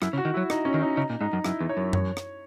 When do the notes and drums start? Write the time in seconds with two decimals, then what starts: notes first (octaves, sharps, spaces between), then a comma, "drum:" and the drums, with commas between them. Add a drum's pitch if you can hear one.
0.02 F#2 E4, drum: rim click
0.13 C#3
0.18 F#4
0.25 D#3
0.34 E4
0.37 F#3
0.50 D#4, drum: rim click
0.65 C#4
0.74 D#3
0.82 D#4
0.97 C#3 D#4
1.10 A#2
1.21 G#2 D#4
1.33 F#2
1.44 F#2 E4, drum: rim click
1.61 E2
1.69 C#5
1.77 F#2
1.93 C#5, drum: tom F#2
2.17 drum: rim click